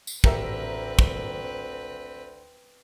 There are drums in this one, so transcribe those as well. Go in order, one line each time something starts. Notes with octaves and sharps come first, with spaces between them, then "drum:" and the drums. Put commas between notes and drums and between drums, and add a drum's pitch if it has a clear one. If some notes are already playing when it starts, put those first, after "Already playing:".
drum: tambourine
A1 D2 C4 G4 A#4 B4 E5, drum: kick
drum: kick